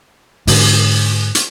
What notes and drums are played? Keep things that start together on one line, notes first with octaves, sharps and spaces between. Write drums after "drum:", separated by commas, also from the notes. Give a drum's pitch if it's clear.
G#2 D3, drum: open hi-hat
drum: hi-hat